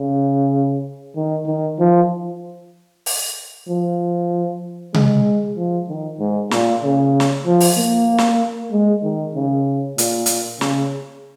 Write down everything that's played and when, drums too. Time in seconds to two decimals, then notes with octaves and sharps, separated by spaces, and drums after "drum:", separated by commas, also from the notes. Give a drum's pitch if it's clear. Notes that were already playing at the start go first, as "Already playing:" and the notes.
Already playing: C#3
1.16 D#3
1.47 D#3
1.79 F3
3.06 drum: open hi-hat
3.68 F3
4.94 G#3, drum: tom C3
5.57 F3
5.89 D#3
6.20 G#2
6.51 A#2, drum: snare
6.83 C#3
7.20 drum: snare
7.46 F3
7.60 drum: open hi-hat
7.77 A#3
8.18 drum: snare
8.72 G#3
9.04 D#3
9.35 C#3
9.98 A#2, drum: hi-hat
10.26 drum: hi-hat
10.61 C#3, drum: snare